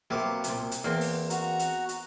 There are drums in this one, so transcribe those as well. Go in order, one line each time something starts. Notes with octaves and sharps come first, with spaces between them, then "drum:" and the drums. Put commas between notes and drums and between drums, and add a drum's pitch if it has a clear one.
C3 F#3 A#3 B3 G4
C2 A#2, drum: hi-hat
drum: hi-hat
E2 A#3 C4
drum: open hi-hat
F#4 F#5 A#5, drum: hi-hat
drum: hi-hat
drum: hi-hat